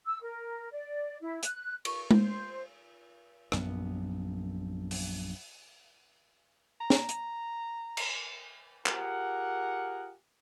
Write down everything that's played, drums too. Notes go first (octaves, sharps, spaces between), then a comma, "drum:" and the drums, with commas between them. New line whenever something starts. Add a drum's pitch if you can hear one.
E6
A#4
D5
E4
F#6, drum: hi-hat
C#6, drum: cymbal
C5, drum: tom G#3
A#1 F#2 B3, drum: rim click
drum: open hi-hat
A#5
drum: snare
drum: hi-hat
drum: cymbal
F4 G4 G#4 A#4 F#5, drum: clap